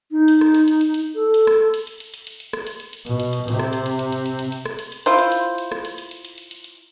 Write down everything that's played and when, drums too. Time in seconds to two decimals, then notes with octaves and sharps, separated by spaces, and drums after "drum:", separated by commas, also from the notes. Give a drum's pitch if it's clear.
0.12 D#4
0.28 drum: hi-hat
0.41 drum: rim click
0.55 drum: hi-hat
0.68 drum: hi-hat
0.81 drum: hi-hat
0.94 drum: hi-hat
1.15 A4
1.34 drum: hi-hat
1.47 drum: rim click
1.74 drum: hi-hat
1.87 drum: hi-hat
2.00 drum: hi-hat
2.14 drum: hi-hat
2.27 drum: hi-hat
2.40 drum: hi-hat
2.53 drum: rim click
2.67 drum: hi-hat
2.80 drum: hi-hat
2.93 drum: hi-hat
3.06 B2, drum: hi-hat
3.20 drum: hi-hat
3.33 drum: hi-hat
3.48 C3, drum: hi-hat
3.59 drum: rim click
3.73 drum: hi-hat
3.86 drum: hi-hat
3.99 drum: hi-hat
4.12 drum: hi-hat
4.26 drum: hi-hat
4.39 drum: hi-hat
4.52 drum: hi-hat
4.66 drum: rim click
4.79 drum: hi-hat
4.92 drum: hi-hat
5.06 E4 F4 C5, drum: hi-hat
5.19 drum: hi-hat
5.32 drum: hi-hat
5.58 drum: hi-hat
5.72 drum: rim click
5.85 drum: hi-hat
5.98 drum: hi-hat
6.11 drum: hi-hat
6.25 drum: hi-hat
6.38 drum: hi-hat
6.51 drum: hi-hat
6.64 drum: hi-hat